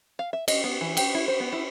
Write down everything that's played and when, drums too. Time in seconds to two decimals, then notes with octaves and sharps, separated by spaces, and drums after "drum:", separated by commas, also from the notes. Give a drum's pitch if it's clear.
0.19 F5
0.33 E5
0.48 D#5, drum: cymbal
0.64 B3
0.81 E3
0.97 G4, drum: cymbal
1.15 E4
1.28 C5
1.40 B3
1.53 E4